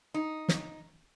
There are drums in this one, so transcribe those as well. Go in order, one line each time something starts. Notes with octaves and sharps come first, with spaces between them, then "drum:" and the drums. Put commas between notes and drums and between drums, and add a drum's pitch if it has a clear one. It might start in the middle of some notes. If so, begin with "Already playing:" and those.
D#4
drum: snare